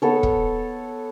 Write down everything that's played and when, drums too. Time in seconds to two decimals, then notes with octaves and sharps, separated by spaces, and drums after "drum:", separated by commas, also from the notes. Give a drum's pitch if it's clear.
0.02 B3 A4 C#5
0.23 drum: kick E1